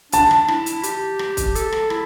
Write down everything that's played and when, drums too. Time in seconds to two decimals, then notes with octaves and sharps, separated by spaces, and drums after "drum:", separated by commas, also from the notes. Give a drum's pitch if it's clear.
0.12 D4 A5, drum: hi-hat
0.31 drum: rim click
0.48 E4, drum: rim click
0.66 drum: hi-hat
0.83 G4, drum: hi-hat
1.19 drum: rim click
1.37 drum: kick, hi-hat
1.55 A4, drum: hi-hat
1.72 drum: rim click
1.90 E4, drum: rim click